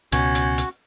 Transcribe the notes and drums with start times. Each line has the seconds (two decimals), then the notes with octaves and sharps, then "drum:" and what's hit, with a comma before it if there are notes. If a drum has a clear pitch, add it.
0.12 C#2 B2 C#4 F#4, drum: hi-hat
0.35 drum: hi-hat
0.58 drum: hi-hat